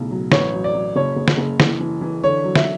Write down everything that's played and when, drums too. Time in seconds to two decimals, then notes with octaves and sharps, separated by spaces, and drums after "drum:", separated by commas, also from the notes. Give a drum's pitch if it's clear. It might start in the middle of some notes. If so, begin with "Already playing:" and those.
Already playing: B1 A2 C#3
0.11 F#3
0.32 A1 C#5, drum: snare
0.53 F#3
0.64 D5
0.74 F#3
0.96 F#1 C#5
1.16 F#1
1.28 drum: snare
1.38 F#1
1.60 E3, drum: snare
1.80 E3
2.01 E3
2.23 D3 C#5
2.44 F#3
2.56 E5, drum: snare